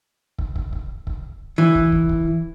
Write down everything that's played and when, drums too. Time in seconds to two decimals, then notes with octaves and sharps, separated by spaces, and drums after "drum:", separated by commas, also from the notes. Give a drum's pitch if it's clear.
0.39 drum: kick
0.56 drum: kick
0.73 drum: kick
1.07 drum: kick
1.58 E3
1.75 drum: kick
1.92 drum: kick
2.09 drum: kick